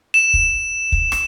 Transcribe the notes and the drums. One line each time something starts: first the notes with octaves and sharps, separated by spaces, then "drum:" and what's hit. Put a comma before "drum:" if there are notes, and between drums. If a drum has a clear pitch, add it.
E7
drum: kick
drum: kick
drum: rim click